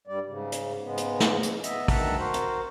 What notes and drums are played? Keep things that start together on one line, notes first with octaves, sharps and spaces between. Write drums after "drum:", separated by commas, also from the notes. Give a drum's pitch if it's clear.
G2 G3 D5
G#2 C#3
drum: hi-hat
G#2 C#3 G#3 B3
drum: hi-hat
drum: snare
drum: hi-hat
B3 D#5 E5, drum: hi-hat
D2 D#3 E5 F#5 A5 A#5, drum: kick, open hi-hat
F#4 A#4 C5
drum: hi-hat